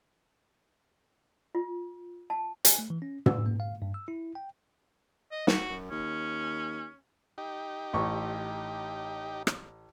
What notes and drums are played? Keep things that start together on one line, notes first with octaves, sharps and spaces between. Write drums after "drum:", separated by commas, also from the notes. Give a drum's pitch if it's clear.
F4
A5
G#5, drum: hi-hat
A3
E3
C#4
E6, drum: tom
A#3
F5
G2
E6
E4
G5
D#5
F#4, drum: snare
F#2
D#2 C#4
D#4 G4
A1 C#6
drum: rim click